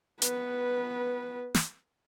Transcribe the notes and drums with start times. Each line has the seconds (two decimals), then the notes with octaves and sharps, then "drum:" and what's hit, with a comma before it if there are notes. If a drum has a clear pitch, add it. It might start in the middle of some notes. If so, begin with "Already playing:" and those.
0.22 B3 B4, drum: hi-hat
1.54 drum: snare